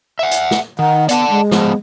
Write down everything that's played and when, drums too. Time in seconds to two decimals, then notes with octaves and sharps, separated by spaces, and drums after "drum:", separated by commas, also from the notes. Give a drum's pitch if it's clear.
0.19 E5 F#5
0.31 drum: hi-hat
0.51 drum: snare
0.79 D#3 F#5
1.09 B3 D5 F#5 A5, drum: hi-hat
1.30 G#3
1.51 F3 B3, drum: snare